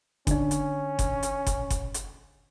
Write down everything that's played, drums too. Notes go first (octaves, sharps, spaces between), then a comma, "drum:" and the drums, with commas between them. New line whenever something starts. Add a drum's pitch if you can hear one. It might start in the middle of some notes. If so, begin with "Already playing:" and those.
D3 C#4 D4, drum: kick F#1, hi-hat
drum: hi-hat
drum: kick F#1, hi-hat
drum: hi-hat
drum: kick F#1, hi-hat
drum: kick F#1, hi-hat
drum: hi-hat